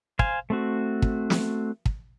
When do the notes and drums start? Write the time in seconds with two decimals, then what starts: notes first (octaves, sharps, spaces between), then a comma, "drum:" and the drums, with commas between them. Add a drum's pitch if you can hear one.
0.19 C5 F5 G#5, drum: kick
0.50 A3 C4 F#4
1.02 drum: kick
1.30 drum: snare
1.86 drum: kick